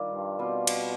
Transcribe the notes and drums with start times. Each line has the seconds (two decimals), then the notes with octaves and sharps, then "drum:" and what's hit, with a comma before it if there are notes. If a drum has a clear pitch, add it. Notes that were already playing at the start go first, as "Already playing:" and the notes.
Already playing: D#3 G3 D4 F4
0.12 G2
0.39 B2 G3 C4 F4
0.67 drum: cymbal